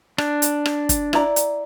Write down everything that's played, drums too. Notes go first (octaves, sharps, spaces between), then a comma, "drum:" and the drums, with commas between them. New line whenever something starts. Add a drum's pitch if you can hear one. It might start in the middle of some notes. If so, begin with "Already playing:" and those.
D4, drum: rim click
drum: hi-hat
drum: rim click
drum: kick, hi-hat
E4 D5 A#5, drum: rim click
drum: hi-hat